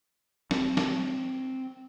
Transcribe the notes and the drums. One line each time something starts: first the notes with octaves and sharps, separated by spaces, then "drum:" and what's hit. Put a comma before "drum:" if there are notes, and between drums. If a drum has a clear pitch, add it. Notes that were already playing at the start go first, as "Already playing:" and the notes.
C4, drum: snare
drum: snare